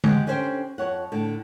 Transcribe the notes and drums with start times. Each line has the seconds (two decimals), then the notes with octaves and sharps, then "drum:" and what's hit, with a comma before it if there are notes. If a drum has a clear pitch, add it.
0.04 G#3 G4 F#5, drum: tom
0.27 D3 C#4 G4 C5 F5 G5
0.78 F2 C#5 F#5
1.12 A2 D3